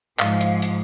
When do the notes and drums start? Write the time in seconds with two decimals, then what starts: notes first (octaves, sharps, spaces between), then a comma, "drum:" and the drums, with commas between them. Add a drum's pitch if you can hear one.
0.19 G#2 F3 F5, drum: clap
0.41 drum: hi-hat
0.62 drum: hi-hat